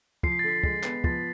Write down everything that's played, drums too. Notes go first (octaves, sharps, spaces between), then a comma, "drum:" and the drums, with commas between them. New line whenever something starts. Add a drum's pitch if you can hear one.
F3 C7, drum: kick
B6
A6
D3 B6
G#3, drum: kick
B3, drum: clap
F3 A6, drum: kick